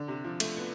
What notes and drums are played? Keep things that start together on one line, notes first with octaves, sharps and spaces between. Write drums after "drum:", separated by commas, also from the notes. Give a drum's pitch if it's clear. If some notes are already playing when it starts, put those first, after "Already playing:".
Already playing: D3
C3
F3
A3, drum: cymbal
B3